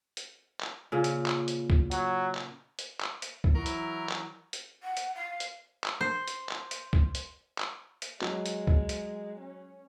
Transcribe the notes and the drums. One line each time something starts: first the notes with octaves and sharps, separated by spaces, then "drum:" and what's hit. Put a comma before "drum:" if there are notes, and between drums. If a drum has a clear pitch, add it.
drum: hi-hat
drum: clap
A#2 C#3
drum: hi-hat
drum: clap
drum: hi-hat
drum: kick
F#3, drum: hi-hat
drum: clap
drum: hi-hat
drum: clap
drum: hi-hat
drum: kick
E3 F#3 E4 A#4
drum: hi-hat
drum: clap
drum: hi-hat
F#5
drum: hi-hat
F5
drum: hi-hat
drum: clap
C5
drum: hi-hat
drum: clap
drum: hi-hat
drum: kick
drum: hi-hat
drum: clap
drum: hi-hat
F#3 G#3, drum: clap
drum: hi-hat
drum: kick
drum: hi-hat
C#4